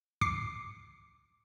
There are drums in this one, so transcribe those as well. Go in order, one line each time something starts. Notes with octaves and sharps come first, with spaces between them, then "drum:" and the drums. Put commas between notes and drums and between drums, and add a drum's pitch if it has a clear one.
D6 C7 C#7, drum: kick